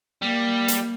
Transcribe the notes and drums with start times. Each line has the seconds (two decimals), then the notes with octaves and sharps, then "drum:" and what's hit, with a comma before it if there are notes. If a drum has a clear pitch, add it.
0.22 G3 A#3
0.68 drum: hi-hat